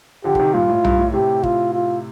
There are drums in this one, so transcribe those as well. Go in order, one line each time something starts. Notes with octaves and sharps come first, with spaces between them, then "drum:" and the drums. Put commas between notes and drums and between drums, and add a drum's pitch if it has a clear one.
D3 F3 G4
D3, drum: kick
C3 D#3
G2 A#2 F4
A2
G2, drum: tom B1
A2
A2 C3 G4
F4, drum: kick
F4